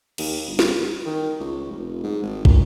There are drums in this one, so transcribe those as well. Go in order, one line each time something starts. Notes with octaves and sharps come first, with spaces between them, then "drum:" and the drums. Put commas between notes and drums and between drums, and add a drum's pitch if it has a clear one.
D#2, drum: cymbal
G1
drum: snare
D#3
C#2
F1
G#2
G#1
A#1, drum: kick